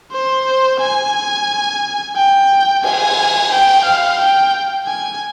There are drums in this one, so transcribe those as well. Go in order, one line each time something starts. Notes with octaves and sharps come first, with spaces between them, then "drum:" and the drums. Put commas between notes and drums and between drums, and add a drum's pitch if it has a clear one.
C5
G#5
G5
G#5, drum: cymbal
G5
F5
G5
G#5